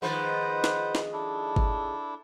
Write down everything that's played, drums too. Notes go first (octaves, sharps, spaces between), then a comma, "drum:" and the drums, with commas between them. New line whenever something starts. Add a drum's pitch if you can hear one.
D#3 F3 G#3 B4 C5 F#5
drum: snare
drum: snare
D4 E4 A4
drum: kick G#1